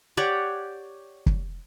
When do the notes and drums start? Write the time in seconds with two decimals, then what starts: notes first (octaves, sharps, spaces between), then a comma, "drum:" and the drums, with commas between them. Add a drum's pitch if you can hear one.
0.17 G4 C#5 D5 F#5
1.26 drum: kick